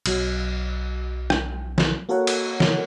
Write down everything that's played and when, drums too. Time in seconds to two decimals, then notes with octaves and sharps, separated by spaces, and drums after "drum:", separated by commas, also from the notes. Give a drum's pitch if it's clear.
0.06 B1 F#3, drum: cymbal
1.30 drum: rim click
1.78 drum: snare
2.09 A#3 F#4 A4 A#4 C#5 F#5
2.27 drum: cymbal
2.60 drum: snare